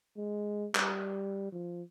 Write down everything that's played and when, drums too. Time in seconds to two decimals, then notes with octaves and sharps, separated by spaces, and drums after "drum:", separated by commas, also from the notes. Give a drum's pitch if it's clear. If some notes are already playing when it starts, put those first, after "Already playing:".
0.17 G#3
0.75 G3, drum: clap
1.52 F3